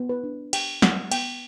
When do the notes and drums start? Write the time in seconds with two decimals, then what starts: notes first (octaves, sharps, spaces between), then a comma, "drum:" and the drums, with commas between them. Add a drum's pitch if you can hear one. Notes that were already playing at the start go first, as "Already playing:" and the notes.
Already playing: B3
0.09 B4
0.24 D4
0.53 G4 G5, drum: cymbal
0.82 B3 F#5, drum: snare
1.12 B3 G5, drum: cymbal